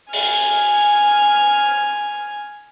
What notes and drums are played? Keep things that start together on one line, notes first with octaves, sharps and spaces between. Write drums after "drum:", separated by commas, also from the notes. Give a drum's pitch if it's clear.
G#5 F6, drum: open hi-hat